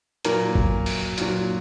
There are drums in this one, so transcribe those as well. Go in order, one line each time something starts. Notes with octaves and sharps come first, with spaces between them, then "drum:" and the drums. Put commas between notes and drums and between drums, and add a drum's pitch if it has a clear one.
A#2 F#3 A#4, drum: hi-hat
drum: kick
drum: open hi-hat
A#2 F#3, drum: hi-hat